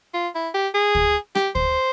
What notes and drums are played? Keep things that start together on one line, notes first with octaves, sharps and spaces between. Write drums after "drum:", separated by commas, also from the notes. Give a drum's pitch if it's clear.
F4
E4
G4
G#4
drum: kick
G4, drum: rim click
C5, drum: kick